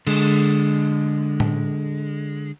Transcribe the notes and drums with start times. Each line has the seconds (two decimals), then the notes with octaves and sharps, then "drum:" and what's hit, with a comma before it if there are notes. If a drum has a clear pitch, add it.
0.07 D3 G#3, drum: cymbal
1.40 drum: tom A2